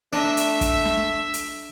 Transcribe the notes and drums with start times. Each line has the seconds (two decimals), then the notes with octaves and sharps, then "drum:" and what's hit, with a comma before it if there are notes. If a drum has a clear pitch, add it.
0.13 A3 D4 E5
0.37 drum: hi-hat
0.61 drum: kick, hi-hat
0.85 drum: snare
1.34 drum: hi-hat